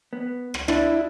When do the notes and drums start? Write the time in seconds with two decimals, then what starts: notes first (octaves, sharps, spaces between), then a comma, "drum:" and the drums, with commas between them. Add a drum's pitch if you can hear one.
0.13 B3
0.54 drum: rim click
0.68 D4 E4, drum: rim click